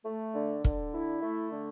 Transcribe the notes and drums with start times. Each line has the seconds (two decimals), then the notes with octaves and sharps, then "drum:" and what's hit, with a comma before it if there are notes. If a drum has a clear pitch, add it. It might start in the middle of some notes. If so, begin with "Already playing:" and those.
0.05 A3
0.35 D3
0.64 D3, drum: kick
0.94 E4
1.22 A3
1.52 D3